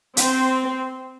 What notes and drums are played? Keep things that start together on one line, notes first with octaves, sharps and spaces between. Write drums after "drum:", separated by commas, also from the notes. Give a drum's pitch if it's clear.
C4, drum: hi-hat